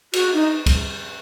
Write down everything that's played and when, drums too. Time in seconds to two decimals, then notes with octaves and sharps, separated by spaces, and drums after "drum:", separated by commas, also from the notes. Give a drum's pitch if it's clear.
0.13 F#4, drum: cymbal
0.34 D#4
0.66 drum: kick, cymbal